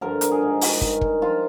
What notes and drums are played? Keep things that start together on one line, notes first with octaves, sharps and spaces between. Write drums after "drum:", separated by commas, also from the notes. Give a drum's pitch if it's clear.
G2 D3 F3 A#4
A#4, drum: hi-hat
G#4
G#2 D#3
drum: open hi-hat
G2 D#3, drum: kick
drum: kick
F3 F4